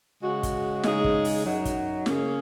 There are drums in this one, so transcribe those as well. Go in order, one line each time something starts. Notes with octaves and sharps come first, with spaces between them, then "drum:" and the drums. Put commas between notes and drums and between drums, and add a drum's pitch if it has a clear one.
C#3 G#3 F#4
drum: kick, hi-hat
C#3 G#3 D#4 G#4, drum: snare
drum: kick
drum: open hi-hat
F#2 F#3 D#4 F#4
drum: kick, hi-hat
C#3 A#3 C#4 G#4, drum: snare